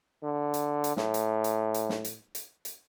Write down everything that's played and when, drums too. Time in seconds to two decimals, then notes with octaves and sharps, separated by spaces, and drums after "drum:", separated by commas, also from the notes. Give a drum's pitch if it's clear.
0.23 D3
0.54 drum: hi-hat
0.84 drum: hi-hat
0.97 A2, drum: snare
1.14 drum: hi-hat
1.44 drum: hi-hat
1.74 drum: hi-hat
1.89 drum: snare
2.05 drum: hi-hat
2.35 drum: hi-hat
2.65 drum: hi-hat